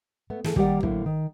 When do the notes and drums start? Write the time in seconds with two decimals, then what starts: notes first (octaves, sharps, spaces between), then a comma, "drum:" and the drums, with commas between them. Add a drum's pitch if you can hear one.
0.30 A3 B3
0.45 E3 G#4 A4, drum: snare
0.56 D#3 G3 A#3 G4 D5 F#5, drum: kick
0.83 A2 D3 F#3 A#3 E4 C5, drum: kick
1.06 D#3